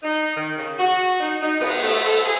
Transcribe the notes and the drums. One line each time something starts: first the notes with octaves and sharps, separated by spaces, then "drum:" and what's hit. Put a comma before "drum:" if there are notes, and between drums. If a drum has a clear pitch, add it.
D#4
D#3
C#3
F#4
D#4
D#4
B3, drum: cymbal
A3
A4
G#4